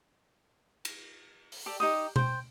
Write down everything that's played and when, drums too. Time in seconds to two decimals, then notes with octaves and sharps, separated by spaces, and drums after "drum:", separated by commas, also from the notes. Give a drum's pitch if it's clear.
0.85 drum: cymbal
1.52 drum: open hi-hat
1.66 G4 A4 D5
1.80 D#4 G4 D#6
2.16 C5 G5, drum: tom B2